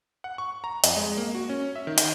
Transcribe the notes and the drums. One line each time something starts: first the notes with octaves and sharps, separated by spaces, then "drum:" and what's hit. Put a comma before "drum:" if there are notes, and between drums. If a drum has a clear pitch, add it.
F#5
C#6
A#5
F2, drum: hi-hat
G#3
A#3
F#4
C#4
E5
D#3
drum: hi-hat